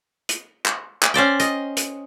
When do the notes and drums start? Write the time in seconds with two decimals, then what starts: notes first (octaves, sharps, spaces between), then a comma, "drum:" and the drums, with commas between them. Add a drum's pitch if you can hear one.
0.29 drum: hi-hat
0.66 drum: clap
1.03 drum: clap
1.14 C#4 C5 D5 G5
1.40 D#5, drum: hi-hat
1.77 drum: hi-hat